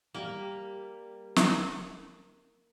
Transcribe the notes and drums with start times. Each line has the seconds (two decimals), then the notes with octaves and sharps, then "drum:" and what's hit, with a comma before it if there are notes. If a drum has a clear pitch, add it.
0.14 G3 A#3 G4
1.36 drum: snare